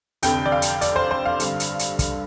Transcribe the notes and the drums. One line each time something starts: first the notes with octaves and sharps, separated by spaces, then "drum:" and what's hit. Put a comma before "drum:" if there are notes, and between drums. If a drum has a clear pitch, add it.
F1 F2 D3 G5, drum: hi-hat
D5
F5
drum: hi-hat
D5, drum: hi-hat
C5
C5
F5
G2 D3, drum: hi-hat
drum: hi-hat
drum: hi-hat
drum: kick, hi-hat